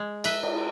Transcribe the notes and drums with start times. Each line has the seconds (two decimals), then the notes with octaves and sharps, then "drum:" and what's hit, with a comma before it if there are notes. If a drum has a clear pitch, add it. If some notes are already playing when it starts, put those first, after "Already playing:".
Already playing: G#3
0.24 B4 E5, drum: cymbal
0.43 drum: cymbal